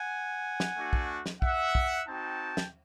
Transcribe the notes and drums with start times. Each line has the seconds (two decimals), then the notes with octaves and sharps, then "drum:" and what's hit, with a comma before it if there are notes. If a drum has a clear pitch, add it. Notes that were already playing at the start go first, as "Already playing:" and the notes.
Already playing: F#5 G#5
0.60 drum: snare
0.76 A3 D4 F#4
0.93 drum: kick
1.26 drum: snare
1.42 E5 F#5, drum: kick
1.75 drum: kick
2.08 C4 D#4 F#4 G5 A5
2.57 drum: snare